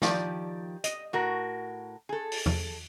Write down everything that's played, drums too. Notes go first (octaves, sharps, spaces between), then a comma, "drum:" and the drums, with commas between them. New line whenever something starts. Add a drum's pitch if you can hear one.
D#3 F3 G4 D5, drum: snare
D#5, drum: hi-hat
A2 F#4 A#4
G#4 A4
drum: open hi-hat
drum: tom E2